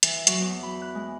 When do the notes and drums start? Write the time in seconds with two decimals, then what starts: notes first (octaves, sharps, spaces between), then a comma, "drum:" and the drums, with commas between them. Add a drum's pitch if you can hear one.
0.03 E3, drum: hi-hat
0.27 F#3, drum: hi-hat
0.41 E2
0.63 B5
0.82 F#6
0.95 G#3